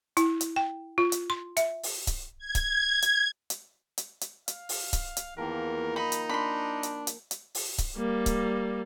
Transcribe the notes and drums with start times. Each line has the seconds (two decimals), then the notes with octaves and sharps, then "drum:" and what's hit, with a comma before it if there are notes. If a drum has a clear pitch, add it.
0.17 E4, drum: hi-hat
0.41 drum: hi-hat
0.56 G5
0.98 F4
1.12 drum: hi-hat
1.30 C6
1.57 E5, drum: hi-hat
1.83 drum: open hi-hat
2.07 drum: kick C#1, hi-hat
2.38 G#6
2.55 drum: kick C#1, hi-hat
3.02 drum: hi-hat
3.50 drum: hi-hat
3.98 drum: hi-hat
4.21 drum: hi-hat
4.48 F5, drum: hi-hat
4.69 drum: open hi-hat
4.93 drum: kick C#1, hi-hat
5.17 drum: hi-hat
5.37 E2 D#3 F3 A#3 A#4
5.96 D#4 G5 B5
6.12 drum: hi-hat
6.29 D4 B5 C6
6.83 drum: hi-hat
7.07 drum: hi-hat
7.31 drum: hi-hat
7.55 drum: open hi-hat
7.78 drum: kick C#1, hi-hat
7.97 G3 A#3
8.26 drum: kick C#1, hi-hat